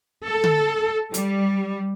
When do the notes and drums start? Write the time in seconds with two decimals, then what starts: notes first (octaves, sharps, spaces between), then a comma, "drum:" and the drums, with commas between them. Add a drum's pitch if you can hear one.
0.25 A4
0.44 drum: tom D3
1.14 G3, drum: hi-hat